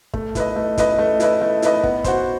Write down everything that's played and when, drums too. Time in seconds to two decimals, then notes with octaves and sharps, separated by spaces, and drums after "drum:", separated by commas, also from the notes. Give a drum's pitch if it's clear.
0.14 A3, drum: kick
0.35 E4 B4 D#5, drum: kick, hi-hat
0.56 A3
0.78 E4 B4 D#5, drum: kick, hi-hat
0.98 A3
1.20 E4 B4 D#5, drum: hi-hat
1.41 A3
1.62 E4 B4 D#5, drum: hi-hat
1.83 B3, drum: kick
2.04 F#4 C5, drum: kick, hi-hat